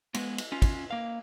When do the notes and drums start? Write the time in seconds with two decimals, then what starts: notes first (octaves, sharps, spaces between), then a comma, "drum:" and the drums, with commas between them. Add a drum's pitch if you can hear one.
0.14 G#3 B3, drum: cymbal
0.38 drum: cymbal
0.52 C#4 F4
0.62 drum: kick, cymbal
0.91 A#3 F5